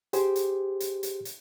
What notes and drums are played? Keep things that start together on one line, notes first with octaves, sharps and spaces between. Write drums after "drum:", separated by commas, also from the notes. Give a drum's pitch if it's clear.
G4 G#4 C5, drum: hi-hat
drum: hi-hat
drum: hi-hat
drum: hi-hat
drum: hi-hat